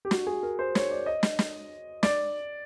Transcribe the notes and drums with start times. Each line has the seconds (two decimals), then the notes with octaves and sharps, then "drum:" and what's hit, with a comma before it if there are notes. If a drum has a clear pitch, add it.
0.05 G4
0.11 F#4, drum: snare
0.27 G#4
0.43 A#4
0.59 C5
0.75 C#5, drum: snare
0.91 D5
1.06 D#5
1.23 drum: snare
1.39 drum: snare
2.03 D5, drum: snare